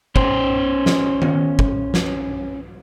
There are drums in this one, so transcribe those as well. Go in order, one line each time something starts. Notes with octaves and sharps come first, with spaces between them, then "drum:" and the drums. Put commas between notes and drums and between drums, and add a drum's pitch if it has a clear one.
C#4 C5, drum: kick
drum: snare
drum: tom D#3
drum: kick
drum: snare